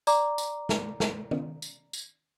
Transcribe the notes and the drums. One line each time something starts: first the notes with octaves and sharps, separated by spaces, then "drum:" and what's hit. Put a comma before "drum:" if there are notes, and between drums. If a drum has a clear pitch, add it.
D5 A#5 D6, drum: tambourine
drum: tambourine
drum: snare
drum: snare
drum: tom
drum: tambourine
drum: tambourine